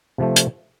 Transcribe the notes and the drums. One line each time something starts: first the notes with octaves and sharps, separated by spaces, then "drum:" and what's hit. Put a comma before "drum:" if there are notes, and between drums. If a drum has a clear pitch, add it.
C3 F3 A3
drum: hi-hat